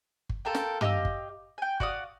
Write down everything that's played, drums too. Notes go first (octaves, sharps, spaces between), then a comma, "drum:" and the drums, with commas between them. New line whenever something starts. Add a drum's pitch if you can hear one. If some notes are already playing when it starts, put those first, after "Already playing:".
drum: kick G1
F4 A4 A#4 G5
drum: snare
G4 D#5 F5 E6, drum: tom
drum: kick G1
G5 G#5
F#4 D5 F5 D#6, drum: kick G1